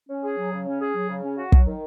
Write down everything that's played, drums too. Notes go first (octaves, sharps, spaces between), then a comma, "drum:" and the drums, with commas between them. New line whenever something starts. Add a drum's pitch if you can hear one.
C#4
G#4
F#3
C#3
C#4
G#4
F#3
C#3
C#4
F#4
F#3, drum: kick
D#3